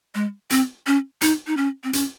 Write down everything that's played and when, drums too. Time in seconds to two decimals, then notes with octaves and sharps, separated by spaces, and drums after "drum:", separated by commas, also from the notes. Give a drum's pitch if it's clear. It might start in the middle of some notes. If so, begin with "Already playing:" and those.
0.15 G#3
0.50 C4, drum: hi-hat
0.87 C#4
1.21 D#4, drum: hi-hat
1.47 D#4
1.57 C#4
1.84 C4
1.93 C#4, drum: hi-hat